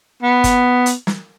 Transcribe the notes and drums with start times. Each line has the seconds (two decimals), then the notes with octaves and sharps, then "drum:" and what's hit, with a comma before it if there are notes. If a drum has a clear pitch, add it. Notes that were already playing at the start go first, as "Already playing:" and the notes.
0.23 B3
0.44 drum: kick, hi-hat
0.86 drum: hi-hat
1.07 drum: snare